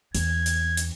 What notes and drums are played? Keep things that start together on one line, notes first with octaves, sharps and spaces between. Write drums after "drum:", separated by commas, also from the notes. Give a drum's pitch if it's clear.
E2 G#6, drum: hi-hat
drum: hi-hat
drum: hi-hat